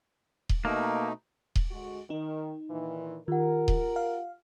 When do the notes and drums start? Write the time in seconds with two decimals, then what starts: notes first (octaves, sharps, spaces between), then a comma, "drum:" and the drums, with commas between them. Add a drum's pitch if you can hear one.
0.49 drum: kick D#1
0.65 B2 A3 A#3 D#4
1.56 drum: kick D#1
1.71 D2 G#3 F#4
2.10 D#3 D#4
2.70 A#2 D#3 E3
3.28 D#3 F4 G4 A#4 F#5
3.68 drum: kick D#1
3.96 F5